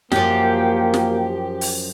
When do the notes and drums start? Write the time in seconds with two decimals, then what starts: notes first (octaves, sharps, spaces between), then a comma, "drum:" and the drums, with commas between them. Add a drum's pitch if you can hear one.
0.12 F#2 F3 A#3 G4, drum: snare
0.94 drum: snare
1.61 drum: open hi-hat